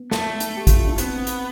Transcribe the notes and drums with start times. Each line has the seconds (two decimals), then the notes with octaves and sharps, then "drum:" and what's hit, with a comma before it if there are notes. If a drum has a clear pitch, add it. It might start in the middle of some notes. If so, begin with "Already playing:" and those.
Already playing: B3
0.11 A3, drum: snare
0.40 drum: hi-hat
0.57 G4
0.67 F4, drum: kick, hi-hat
0.77 E4
0.87 D4
0.98 B3 C4, drum: hi-hat
1.27 drum: hi-hat